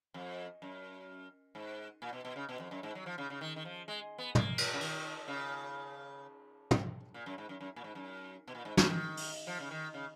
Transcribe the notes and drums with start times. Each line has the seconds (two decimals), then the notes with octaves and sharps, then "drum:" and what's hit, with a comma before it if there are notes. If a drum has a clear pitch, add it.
0.14 F2
0.62 F#2
1.55 G#2
2.02 A#2
2.13 B2
2.25 B2
2.36 C#3
2.49 B2
2.60 F2
2.71 F#2
2.83 G#2
2.95 F#3
3.06 F3
3.18 C#3
3.30 C#3
3.41 D#3
3.56 D#3
3.65 F3
3.88 G#3
4.18 B3
4.35 A#3, drum: tom
4.58 drum: cymbal
4.73 C#3
4.81 D#3, drum: open hi-hat
5.28 C#3
6.71 drum: tom
7.14 A#2
7.26 F#2
7.38 G#2
7.49 F#2
7.61 F#2
7.76 A#2
7.84 G#2
7.95 F#2
8.48 B2
8.55 A#2
8.65 G#2
8.77 C#3, drum: snare
8.89 D#3
9.17 drum: open hi-hat
9.47 F3
9.60 C#3
9.71 D#3
9.94 C#3